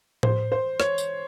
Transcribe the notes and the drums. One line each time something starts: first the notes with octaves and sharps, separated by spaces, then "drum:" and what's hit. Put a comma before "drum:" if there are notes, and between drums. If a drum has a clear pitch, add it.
C5, drum: tom A2
C5
C#5, drum: rim click
drum: tambourine